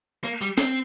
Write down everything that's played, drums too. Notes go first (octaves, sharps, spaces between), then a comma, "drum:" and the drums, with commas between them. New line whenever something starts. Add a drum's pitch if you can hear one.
A#3
G3
C4, drum: snare